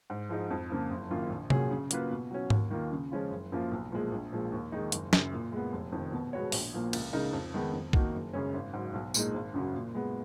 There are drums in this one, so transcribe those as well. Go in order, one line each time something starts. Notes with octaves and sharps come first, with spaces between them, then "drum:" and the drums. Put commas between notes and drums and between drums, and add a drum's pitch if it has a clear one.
G#2
F3 G#3 D#4
F2
C#3 F3 A#3 F4
F#1
F#2 D#3 A#3 F4
A#1
A#2 F#3 C#4 G#4, drum: tom C3
C#3
F#3 A#3 F4 B4, drum: hi-hat
B2
F#3 C#4
D#2, drum: tom G#2
D#3 A#3 F4
C#3
F3 G#3 C#4 F4
F#1
F#2 F3 A#3 F4
B1
A#2 F3 G#3
A#1
A#2 F3 G#3
D#2
D#3 G#3 D#4
F#1, drum: hi-hat
F#2 C#3, drum: snare
A#2
G#3 B3
F1
F2 D#3
B2
G#3 B3 F#4 C#5
A#1, drum: open hi-hat
A#2 F3 A#3
C#2, drum: cymbal
C#3 G#3 D#4 A#4
F2
D#3 G#3 B3
F2
D#3 A#3 D#4 F#4, drum: kick
F#1
F#2 C#3 G#3 C#4
G#1
G#2 F#3
B1
A#2 G#3 D#4, drum: tambourine
G#1
F#2 C#3 F#3
A#2
G#3 B3